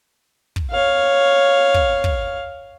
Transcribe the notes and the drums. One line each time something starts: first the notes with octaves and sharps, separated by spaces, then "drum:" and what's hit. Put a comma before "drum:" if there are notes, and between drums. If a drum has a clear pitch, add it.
drum: kick
C#5 F5
drum: kick
drum: kick